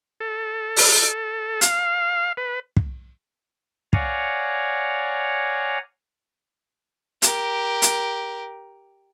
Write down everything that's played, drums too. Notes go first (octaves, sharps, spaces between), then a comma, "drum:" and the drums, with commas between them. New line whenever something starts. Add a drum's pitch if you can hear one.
A4
drum: open hi-hat
F5, drum: hi-hat
B4
drum: kick
C#5 D5 F5 F#5 G#5 A#5, drum: kick
G4 A#4, drum: hi-hat
drum: hi-hat